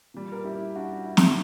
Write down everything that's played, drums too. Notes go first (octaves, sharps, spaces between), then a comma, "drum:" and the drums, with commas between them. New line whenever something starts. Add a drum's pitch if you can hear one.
A#2 G3
A#4
E4 G4
D4 F#4
E4
drum: snare